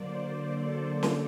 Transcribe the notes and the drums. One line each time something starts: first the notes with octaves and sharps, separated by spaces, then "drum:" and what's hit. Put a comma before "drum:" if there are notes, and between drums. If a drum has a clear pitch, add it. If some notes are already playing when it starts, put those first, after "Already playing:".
Already playing: D3 F#3 A#3 C5 D5
A4
drum: snare